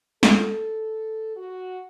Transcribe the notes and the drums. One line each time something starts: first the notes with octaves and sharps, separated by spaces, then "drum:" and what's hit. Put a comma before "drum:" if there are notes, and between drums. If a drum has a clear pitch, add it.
A4, drum: snare
F#4